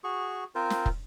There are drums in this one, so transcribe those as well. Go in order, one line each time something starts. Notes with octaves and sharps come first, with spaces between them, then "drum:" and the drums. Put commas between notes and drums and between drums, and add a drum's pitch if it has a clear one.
F#4 G#4 C#6
C4 F4 A#4 C5
drum: snare
drum: kick